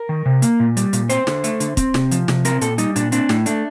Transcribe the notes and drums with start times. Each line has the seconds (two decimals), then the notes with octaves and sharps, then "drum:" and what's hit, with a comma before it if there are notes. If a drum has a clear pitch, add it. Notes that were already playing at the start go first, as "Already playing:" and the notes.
Already playing: A#4
0.09 D#3
0.26 C3
0.42 A#3, drum: hi-hat
0.60 A#2
0.77 G3, drum: hi-hat
0.93 A#2, drum: hi-hat
1.09 C4 C5, drum: hi-hat
1.27 D3, drum: snare
1.44 A3, drum: hi-hat
1.60 D3, drum: hi-hat
1.77 C4, drum: kick, hi-hat
1.94 C3, drum: snare
2.11 F3, drum: hi-hat
2.28 C3, drum: snare
2.45 C4 A#4, drum: hi-hat
2.61 A#2 A4, drum: hi-hat
2.78 G3 D#4, drum: hi-hat
2.96 A#2 D4, drum: hi-hat
3.12 C4 D4, drum: hi-hat
3.29 A2, drum: snare
3.46 A3 D4, drum: hi-hat